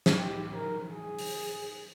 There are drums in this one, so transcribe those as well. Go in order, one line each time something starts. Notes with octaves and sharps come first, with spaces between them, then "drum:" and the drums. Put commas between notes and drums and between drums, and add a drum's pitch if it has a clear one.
drum: snare
G4
A#4
G#4
drum: open hi-hat